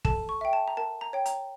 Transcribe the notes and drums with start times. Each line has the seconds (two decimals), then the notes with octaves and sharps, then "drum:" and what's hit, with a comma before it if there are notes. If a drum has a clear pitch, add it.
0.05 A4 A5, drum: kick
0.29 C#6
0.41 E5 G5
0.53 A5
0.68 A#5
0.77 A#4 A5
1.01 A#5
1.13 C#5 G5
1.26 A#5, drum: hi-hat